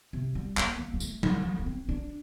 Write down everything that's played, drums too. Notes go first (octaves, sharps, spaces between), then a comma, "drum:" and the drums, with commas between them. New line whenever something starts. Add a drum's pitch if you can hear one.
C3
G3
A#3, drum: clap
A#3
G3
A3, drum: tambourine
A3, drum: tom F#3
A#3
A#3
C4
D4